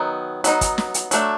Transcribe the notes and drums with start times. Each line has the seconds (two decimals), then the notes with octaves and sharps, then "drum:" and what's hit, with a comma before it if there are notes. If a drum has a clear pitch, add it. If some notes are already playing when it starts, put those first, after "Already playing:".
Already playing: D#3 F#3 B3 D#4
0.44 F#3 B3 D#4, drum: hi-hat
0.61 drum: kick, hi-hat
0.78 drum: snare
0.94 drum: hi-hat
1.11 F#3 A3 D4, drum: hi-hat